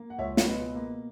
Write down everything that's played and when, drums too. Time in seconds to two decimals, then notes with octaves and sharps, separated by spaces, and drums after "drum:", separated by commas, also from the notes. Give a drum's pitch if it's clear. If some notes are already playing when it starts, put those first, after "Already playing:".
Already playing: A#3
0.10 F#5
0.18 C#2 C#5 E5
0.37 C#5, drum: snare
0.46 B2 B4 D#5
0.75 A#3